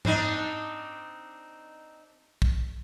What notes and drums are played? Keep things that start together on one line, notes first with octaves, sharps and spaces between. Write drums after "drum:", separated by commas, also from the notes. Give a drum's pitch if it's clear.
C4 D4 D#4, drum: tom G#2
drum: kick